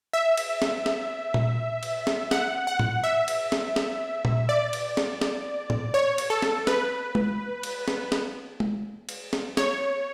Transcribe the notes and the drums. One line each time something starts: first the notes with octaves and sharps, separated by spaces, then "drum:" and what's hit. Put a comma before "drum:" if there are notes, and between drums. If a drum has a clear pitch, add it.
E5
drum: cymbal
drum: snare
drum: snare
drum: tom A#2
drum: cymbal
drum: snare
F#5, drum: snare
F#5
drum: tom A2
E5
drum: cymbal
drum: snare
drum: snare
drum: tom A#2
D5
drum: cymbal
drum: snare
drum: snare
drum: tom A2
C#5
drum: cymbal
A4
drum: snare
B4, drum: snare
drum: tom G#3
drum: cymbal
drum: snare
drum: snare
drum: tom G#3
drum: cymbal
drum: snare
C#5, drum: snare